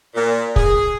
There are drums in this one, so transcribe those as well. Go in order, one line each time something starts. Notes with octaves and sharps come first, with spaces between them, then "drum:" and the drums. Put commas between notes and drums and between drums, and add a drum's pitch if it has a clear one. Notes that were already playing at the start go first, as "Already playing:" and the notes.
A#2
G#4, drum: kick